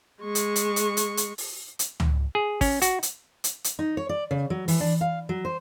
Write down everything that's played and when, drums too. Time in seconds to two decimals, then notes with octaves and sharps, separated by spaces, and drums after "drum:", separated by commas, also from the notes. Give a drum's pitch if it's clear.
0.22 G#3 C#6
0.35 drum: hi-hat
0.56 drum: hi-hat
0.76 drum: hi-hat
0.97 drum: hi-hat
1.17 drum: hi-hat
1.38 drum: open hi-hat
1.79 drum: hi-hat
2.00 drum: tom C#2
2.35 G#4
2.61 C#4, drum: kick, open hi-hat
2.82 F#4, drum: hi-hat
3.03 drum: hi-hat
3.44 drum: hi-hat
3.64 drum: hi-hat
3.79 D#4
3.97 C#5
4.09 D5
4.31 C#3
4.50 F#3
4.68 E3, drum: open hi-hat
4.80 D4
5.01 F5
5.29 F#3
5.45 C5